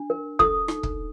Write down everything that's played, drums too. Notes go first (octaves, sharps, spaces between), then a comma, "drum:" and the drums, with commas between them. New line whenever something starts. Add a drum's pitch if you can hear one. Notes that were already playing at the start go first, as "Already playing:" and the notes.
Already playing: D4
A#4
A4 D#6, drum: kick
D#4, drum: rim click
drum: kick